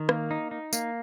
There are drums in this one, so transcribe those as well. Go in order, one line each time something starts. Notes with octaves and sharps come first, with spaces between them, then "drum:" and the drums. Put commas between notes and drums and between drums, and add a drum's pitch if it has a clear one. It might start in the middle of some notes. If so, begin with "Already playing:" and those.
Already playing: D#3
A#3, drum: rim click
D#4
D#4
A#3, drum: tambourine